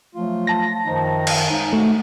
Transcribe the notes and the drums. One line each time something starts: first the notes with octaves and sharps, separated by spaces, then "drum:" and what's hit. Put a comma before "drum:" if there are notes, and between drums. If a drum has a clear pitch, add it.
F3 F#3 A3 F4
A5 A#6
F#2 D#3 F3 D#4
drum: cymbal
G#3 D#4
A3 F#4